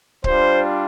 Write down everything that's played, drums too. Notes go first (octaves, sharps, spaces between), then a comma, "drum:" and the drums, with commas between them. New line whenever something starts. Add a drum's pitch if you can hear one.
G3 D4 F4 C5, drum: kick C#1